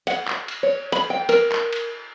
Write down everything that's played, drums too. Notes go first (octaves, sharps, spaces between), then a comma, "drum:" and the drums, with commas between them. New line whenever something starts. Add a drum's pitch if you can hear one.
F#5, drum: cymbal
drum: clap
drum: cymbal
C#5
B5, drum: cymbal
G5
A#4, drum: cymbal
drum: clap
drum: cymbal